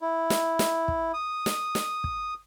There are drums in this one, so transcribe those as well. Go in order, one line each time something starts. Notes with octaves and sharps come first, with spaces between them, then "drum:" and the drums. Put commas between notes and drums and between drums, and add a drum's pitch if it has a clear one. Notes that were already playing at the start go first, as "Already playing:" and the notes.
E4
drum: snare
drum: snare
drum: kick
D#6
drum: snare
drum: snare
drum: kick